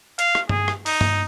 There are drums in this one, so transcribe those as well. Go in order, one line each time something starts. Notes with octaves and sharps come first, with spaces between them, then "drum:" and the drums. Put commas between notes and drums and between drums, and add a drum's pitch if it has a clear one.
F5, drum: hi-hat
drum: rim click
G#4, drum: tom G2
drum: rim click
D#4, drum: open hi-hat
drum: tom G2